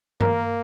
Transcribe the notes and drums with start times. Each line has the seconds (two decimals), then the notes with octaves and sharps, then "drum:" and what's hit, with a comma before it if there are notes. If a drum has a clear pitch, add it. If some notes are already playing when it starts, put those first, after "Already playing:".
0.21 A#3 A#4, drum: tom G2